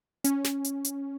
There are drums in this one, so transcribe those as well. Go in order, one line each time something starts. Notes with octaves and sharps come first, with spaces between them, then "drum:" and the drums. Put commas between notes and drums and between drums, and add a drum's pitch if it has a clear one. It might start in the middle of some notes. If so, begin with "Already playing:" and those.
C#4, drum: hi-hat
drum: snare
drum: hi-hat
drum: hi-hat